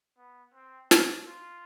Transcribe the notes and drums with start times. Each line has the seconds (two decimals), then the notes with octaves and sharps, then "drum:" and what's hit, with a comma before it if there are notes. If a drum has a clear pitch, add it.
0.18 B3
0.54 C4
0.91 D4, drum: snare
1.27 F4